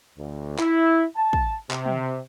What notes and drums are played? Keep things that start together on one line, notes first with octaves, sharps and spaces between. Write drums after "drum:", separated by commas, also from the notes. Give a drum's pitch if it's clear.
D2
E4, drum: clap
A5
drum: kick
C3, drum: clap
drum: tom